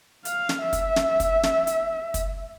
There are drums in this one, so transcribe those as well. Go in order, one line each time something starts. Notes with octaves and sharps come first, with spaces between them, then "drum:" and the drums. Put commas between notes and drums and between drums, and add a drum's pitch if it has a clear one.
F5, drum: hi-hat
drum: snare
E5
drum: kick, hi-hat
drum: snare
drum: kick, hi-hat
drum: snare
drum: hi-hat
drum: kick, hi-hat